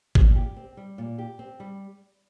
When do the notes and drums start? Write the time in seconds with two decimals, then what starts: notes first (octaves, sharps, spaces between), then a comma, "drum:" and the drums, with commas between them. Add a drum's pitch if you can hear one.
0.15 A#2, drum: kick
0.35 G4
0.56 C4
0.77 G3
0.98 A#2
1.18 G4
1.39 C4
1.60 G3